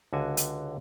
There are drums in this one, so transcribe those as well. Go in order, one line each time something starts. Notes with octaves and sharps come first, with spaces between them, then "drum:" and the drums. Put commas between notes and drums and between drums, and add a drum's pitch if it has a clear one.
C#2 D3 F#4 G#5
drum: hi-hat